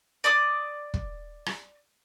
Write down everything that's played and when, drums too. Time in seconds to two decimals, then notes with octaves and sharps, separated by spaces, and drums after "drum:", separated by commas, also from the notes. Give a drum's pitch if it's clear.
0.24 D5 D6 D#6
0.94 drum: kick
1.46 drum: rim click